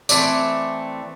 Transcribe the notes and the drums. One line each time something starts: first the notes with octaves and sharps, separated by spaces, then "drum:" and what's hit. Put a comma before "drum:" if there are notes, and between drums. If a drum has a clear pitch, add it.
E3 A3 C4 D5, drum: tambourine